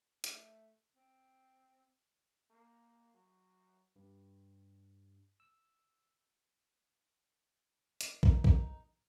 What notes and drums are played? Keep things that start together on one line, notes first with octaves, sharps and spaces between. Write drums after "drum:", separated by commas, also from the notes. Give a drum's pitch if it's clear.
A3, drum: hi-hat
C4
A#3
F#3
G2
E6
drum: hi-hat
D#4, drum: kick
drum: kick